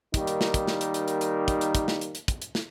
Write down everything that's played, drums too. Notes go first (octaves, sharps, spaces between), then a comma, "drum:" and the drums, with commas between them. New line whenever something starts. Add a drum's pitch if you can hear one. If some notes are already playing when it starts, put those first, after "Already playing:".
D#3 G3 A#3 D#4, drum: kick, hi-hat
drum: hi-hat
drum: snare
drum: kick, hi-hat
drum: snare
drum: hi-hat
drum: hi-hat
drum: hi-hat
drum: hi-hat
drum: kick, hi-hat
drum: hi-hat
drum: kick, hi-hat
drum: snare
drum: hi-hat
drum: hi-hat
drum: kick, hi-hat
drum: hi-hat
drum: snare